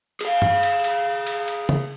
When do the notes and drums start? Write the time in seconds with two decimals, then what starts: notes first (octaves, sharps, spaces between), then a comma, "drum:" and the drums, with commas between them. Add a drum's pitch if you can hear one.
0.21 G#4 F5, drum: cymbal
0.42 drum: tom G2
0.63 drum: cymbal
0.84 drum: cymbal
1.27 drum: cymbal
1.48 drum: cymbal
1.69 drum: tom C#3